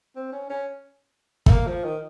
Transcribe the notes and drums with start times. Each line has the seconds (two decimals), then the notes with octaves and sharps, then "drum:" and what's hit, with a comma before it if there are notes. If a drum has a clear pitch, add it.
0.16 C4
0.32 C#4
0.50 C#4
1.46 A3, drum: kick
1.51 A#3
1.67 F3
1.84 D#3